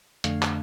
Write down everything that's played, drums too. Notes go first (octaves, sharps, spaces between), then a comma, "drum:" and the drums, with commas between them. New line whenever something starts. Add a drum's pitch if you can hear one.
F2 D3 A3 D4 F5, drum: hi-hat
drum: clap